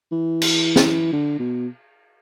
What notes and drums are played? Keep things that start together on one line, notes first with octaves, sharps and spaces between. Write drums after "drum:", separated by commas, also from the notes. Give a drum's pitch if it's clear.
E3
drum: cymbal
drum: snare
D3
B2